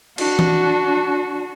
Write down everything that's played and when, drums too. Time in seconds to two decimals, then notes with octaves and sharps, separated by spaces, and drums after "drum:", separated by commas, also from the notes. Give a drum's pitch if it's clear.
0.18 D4 F#4, drum: cymbal
0.39 drum: tom E3